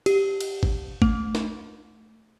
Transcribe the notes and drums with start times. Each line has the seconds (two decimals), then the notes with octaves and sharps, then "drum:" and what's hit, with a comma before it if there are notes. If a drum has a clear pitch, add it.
0.06 G4, drum: cymbal
0.41 drum: cymbal
0.63 drum: kick
1.02 A3, drum: kick
1.35 drum: snare